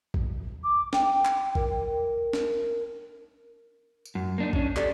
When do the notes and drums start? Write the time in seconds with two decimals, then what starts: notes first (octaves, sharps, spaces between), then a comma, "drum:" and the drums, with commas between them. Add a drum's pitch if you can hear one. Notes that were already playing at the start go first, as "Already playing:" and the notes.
0.14 drum: kick
0.63 D6
0.93 G5, drum: snare
1.25 drum: clap
1.55 A#4, drum: kick
2.33 drum: snare
4.06 drum: tambourine
4.15 F#2
4.38 A#3 D4 D#4
4.53 C#4 D4, drum: kick
4.76 G4 A4 D5, drum: clap